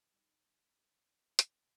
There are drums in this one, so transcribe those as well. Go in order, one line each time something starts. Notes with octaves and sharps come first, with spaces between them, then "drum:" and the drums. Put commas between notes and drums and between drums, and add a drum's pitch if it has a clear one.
G3 D#4
drum: hi-hat